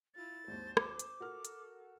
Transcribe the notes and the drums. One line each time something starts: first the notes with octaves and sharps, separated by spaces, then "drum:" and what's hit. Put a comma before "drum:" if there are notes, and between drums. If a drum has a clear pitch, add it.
E4 F4 A6
G#1 D#2 C5
D6, drum: rim click
drum: hi-hat
F#4 A4 A#4 F6
drum: hi-hat